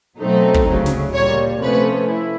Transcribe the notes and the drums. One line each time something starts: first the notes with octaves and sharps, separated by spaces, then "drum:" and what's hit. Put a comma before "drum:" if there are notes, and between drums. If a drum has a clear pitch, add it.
B2 F#3 A3 C4 D#4
drum: kick
D2 C#3 F#3
drum: snare
A#2 G3 A#3 C#5
C3 F3 A3 C#4 B4
E4